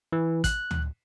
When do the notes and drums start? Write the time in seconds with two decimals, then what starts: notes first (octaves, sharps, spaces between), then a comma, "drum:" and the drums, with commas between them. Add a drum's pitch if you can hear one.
0.12 E3
0.44 F#6, drum: kick A1, hi-hat
0.71 drum: tom D2